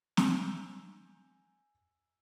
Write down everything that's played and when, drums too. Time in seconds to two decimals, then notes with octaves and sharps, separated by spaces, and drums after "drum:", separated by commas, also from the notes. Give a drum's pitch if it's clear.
0.17 G#5 A#5 E6 G6, drum: snare